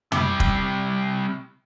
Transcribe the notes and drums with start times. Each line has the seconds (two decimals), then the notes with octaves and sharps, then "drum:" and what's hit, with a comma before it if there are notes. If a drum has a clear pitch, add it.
0.12 C3 G3, drum: tom
0.40 drum: kick